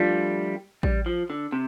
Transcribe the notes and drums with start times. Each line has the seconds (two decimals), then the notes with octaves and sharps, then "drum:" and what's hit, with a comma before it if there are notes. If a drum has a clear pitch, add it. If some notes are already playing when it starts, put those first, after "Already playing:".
Already playing: F3 G3 A3 D4 F4
0.83 G3, drum: kick A1
1.06 F3
1.30 D3
1.52 C3